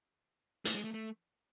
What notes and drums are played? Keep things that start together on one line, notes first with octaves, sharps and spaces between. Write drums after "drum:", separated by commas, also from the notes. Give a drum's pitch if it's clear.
A3, drum: hi-hat
G#3
A3
A3